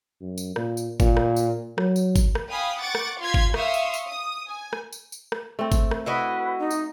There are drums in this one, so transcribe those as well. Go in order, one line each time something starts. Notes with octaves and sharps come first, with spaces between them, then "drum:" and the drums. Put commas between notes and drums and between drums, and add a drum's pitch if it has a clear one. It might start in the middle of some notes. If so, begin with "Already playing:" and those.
F#2
drum: tambourine
A#2, drum: rim click
drum: tambourine
A#2, drum: kick G1, tambourine
drum: rim click
drum: tambourine
F#3, drum: rim click
drum: tambourine
drum: kick G1, tambourine
drum: rim click
F5 G5 G#5 B5 D#6
F#5 C#6 D6 A6
drum: rim click
F4 F5 C6 G#6 B6
drum: kick G1
E5 F5 C6 C#6 D#6 E6, drum: rim click
drum: tambourine
drum: tambourine
D#6
G#5
drum: rim click
drum: tambourine
drum: tambourine
drum: rim click
A3 C4
drum: kick G1, tambourine
drum: rim click
E4 F#4 B4 D#5
D#4
drum: tambourine